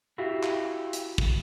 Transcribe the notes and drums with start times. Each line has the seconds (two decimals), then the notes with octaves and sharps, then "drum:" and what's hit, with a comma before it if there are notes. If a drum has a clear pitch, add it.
0.18 E4 F#4 G4 F5
0.43 drum: clap
0.93 drum: hi-hat
1.18 drum: kick